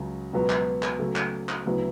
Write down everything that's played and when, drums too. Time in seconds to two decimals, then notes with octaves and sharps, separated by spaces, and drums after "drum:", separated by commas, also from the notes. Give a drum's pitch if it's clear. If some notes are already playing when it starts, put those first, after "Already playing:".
Already playing: C#2 C#3 F#3
0.33 C#2 B2 F#3 B3
0.50 drum: clap
0.83 drum: clap
0.99 C#3 F#3 A3
1.16 drum: clap
1.49 drum: clap
1.65 D2 C#3 F#3 B3 E4